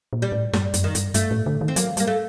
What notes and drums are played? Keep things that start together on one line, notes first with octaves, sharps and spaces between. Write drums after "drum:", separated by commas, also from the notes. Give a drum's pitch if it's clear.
A#2
G3
A2
G2 G3, drum: snare
F#2, drum: hi-hat
D#3
G2, drum: hi-hat
G2 A3, drum: hi-hat
A2
D3
D#3
C4
F#3 A#3, drum: hi-hat
G3 A#3, drum: hi-hat
A3